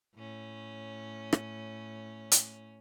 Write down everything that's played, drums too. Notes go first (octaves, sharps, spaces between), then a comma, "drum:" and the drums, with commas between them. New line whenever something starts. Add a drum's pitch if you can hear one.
A2 C#4
drum: rim click
drum: hi-hat